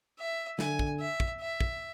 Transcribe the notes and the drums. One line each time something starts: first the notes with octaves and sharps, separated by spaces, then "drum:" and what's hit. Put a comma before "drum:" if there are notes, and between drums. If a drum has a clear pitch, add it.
E5
D3 G#5, drum: snare
drum: kick
E5
drum: kick
E5
drum: kick